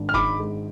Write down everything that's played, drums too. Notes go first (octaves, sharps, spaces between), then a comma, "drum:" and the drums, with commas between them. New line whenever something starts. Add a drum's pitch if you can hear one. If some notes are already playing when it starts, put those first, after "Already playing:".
Already playing: G#1 D4
F6
G#2 B5 D6, drum: kick F#1
G#3